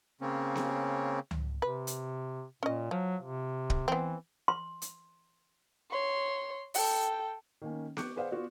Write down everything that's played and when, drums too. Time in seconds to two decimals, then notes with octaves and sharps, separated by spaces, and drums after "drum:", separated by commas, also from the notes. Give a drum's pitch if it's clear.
0.21 C#3 A#3 C4 C#4
0.56 drum: snare B3
1.31 drum: tom C#2
1.62 C3 B4
1.87 drum: hi-hat
2.63 A#2 C#4 D#5
2.91 F3 F#3
3.22 C3
3.70 drum: kick
3.88 E3 B3 C4
4.48 C6
4.82 drum: hi-hat
5.90 C#5 C6
6.74 A4 G5, drum: open hi-hat
7.62 D#3 A#3 C#4
7.97 C#6 D6 F#6 G6 C#7, drum: snare B3
8.16 G#4 B4 C5 D5 F5 F#5
8.31 B3 F4 F#4 D5